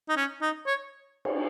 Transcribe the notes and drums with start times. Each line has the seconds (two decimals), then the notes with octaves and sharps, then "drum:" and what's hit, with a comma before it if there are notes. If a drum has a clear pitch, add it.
0.09 D#4
0.17 C#4
0.42 D#4
0.67 C#5
1.25 drum: cymbal